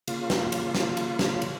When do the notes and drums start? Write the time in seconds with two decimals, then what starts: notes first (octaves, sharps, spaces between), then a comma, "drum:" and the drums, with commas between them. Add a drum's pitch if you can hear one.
0.08 C#3 A#3 F4, drum: cymbal
0.30 drum: snare
0.52 drum: cymbal
0.75 drum: snare
0.97 drum: cymbal
1.19 drum: snare
1.42 drum: cymbal